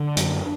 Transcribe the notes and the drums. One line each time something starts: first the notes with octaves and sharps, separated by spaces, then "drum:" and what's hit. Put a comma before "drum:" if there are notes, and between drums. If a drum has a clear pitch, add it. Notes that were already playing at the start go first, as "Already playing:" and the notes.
Already playing: D3 D4
F#2, drum: hi-hat